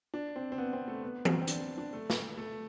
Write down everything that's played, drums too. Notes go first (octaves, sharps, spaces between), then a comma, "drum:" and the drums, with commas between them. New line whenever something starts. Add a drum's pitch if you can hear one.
D4
C4
C4
B3
C4
A3
B3
C4, drum: tom E3
C4
D4, drum: hi-hat
D4
A3
drum: snare
A3